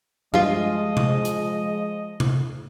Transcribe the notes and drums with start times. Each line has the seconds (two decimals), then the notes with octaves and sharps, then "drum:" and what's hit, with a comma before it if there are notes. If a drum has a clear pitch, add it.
0.34 G2 F3 G#3 F4 D#5 F5, drum: tom F3
0.97 drum: tom C3
1.25 drum: hi-hat
2.20 drum: tom C3